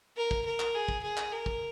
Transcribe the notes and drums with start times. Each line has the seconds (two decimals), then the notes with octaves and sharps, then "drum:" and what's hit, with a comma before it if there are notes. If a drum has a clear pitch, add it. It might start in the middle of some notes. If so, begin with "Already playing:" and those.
0.16 A#4
0.31 drum: kick
0.45 A#4
0.60 drum: clap
0.74 G#4
0.88 drum: kick
1.03 G#4
1.17 drum: clap
1.32 A#4
1.46 drum: kick